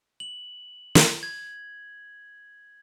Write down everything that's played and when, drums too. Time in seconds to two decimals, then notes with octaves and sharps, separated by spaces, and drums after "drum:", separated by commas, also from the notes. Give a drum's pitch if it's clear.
0.20 F#7
0.95 drum: snare
1.23 G#6